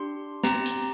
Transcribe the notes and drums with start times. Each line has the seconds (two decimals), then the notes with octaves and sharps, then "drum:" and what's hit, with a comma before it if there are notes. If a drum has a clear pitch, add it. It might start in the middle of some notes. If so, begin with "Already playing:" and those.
Already playing: D4 G4 C6
0.44 C4 G4 A#5, drum: snare
0.66 drum: hi-hat